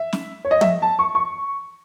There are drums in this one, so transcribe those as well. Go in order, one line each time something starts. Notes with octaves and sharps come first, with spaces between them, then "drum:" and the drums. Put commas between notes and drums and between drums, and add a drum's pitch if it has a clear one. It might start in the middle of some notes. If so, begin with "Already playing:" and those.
Already playing: E5
drum: snare
C#5
D#5
E5, drum: tom
A5
C#6
C#6